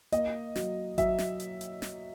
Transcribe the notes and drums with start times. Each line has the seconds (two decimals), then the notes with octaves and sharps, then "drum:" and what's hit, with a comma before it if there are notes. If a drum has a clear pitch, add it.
0.12 A#3 D#5, drum: hi-hat
0.56 F#3, drum: snare
0.98 F#3 E5, drum: kick G#1, hi-hat
1.18 drum: snare
1.40 drum: hi-hat
1.61 drum: hi-hat
1.82 drum: snare